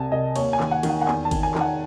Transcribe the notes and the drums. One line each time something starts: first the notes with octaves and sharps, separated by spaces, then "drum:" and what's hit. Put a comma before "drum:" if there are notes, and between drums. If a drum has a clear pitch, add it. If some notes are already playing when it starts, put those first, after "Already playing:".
Already playing: C2 C3 G#5 A5
C2 D#5
D#2 C#5, drum: cymbal
G#5
D#3, drum: clap
F#5
D#3, drum: cymbal
F#5
F#5
E2 G#5, drum: clap
A5
D#3, drum: kick G#1, cymbal
G#5
D#3, drum: clap
F#5